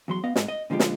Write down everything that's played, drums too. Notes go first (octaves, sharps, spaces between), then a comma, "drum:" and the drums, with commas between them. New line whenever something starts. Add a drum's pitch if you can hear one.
E2 F#3 C6
B3 D#5 F5
G#2, drum: snare
D#5
A#2 D3 F3 G#3 F4 G4
drum: snare